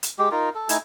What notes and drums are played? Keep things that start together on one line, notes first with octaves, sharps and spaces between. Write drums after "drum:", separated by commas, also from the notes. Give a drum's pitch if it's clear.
drum: hi-hat
G#3 G4
D#4 F4 A#4
A4
A3 D#4 E4 G#5, drum: hi-hat